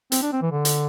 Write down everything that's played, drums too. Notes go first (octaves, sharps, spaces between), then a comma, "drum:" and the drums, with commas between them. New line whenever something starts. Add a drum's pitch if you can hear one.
C4, drum: hi-hat
D4
C4
E3
D3
drum: hi-hat